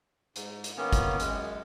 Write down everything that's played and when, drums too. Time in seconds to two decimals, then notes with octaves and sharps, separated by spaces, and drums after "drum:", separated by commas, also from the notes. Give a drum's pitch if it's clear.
0.36 G#2, drum: hi-hat
0.64 drum: hi-hat
0.77 D#3 A#3 B3 C#4
0.93 drum: kick G1, hi-hat
1.20 F#2 G#3, drum: hi-hat